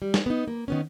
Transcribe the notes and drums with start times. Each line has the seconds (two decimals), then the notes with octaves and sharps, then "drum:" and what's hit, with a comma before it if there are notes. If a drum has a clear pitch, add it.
0.02 G3
0.14 drum: snare
0.26 B3 D#4
0.48 A#3
0.68 D#3 B3 C#4